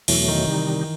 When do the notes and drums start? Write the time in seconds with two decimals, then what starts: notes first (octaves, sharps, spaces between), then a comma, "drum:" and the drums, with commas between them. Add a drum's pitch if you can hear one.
0.08 E2 B2 E3 F#3 A3, drum: cymbal
0.28 D#3
0.46 C3 D#3 G3 D#4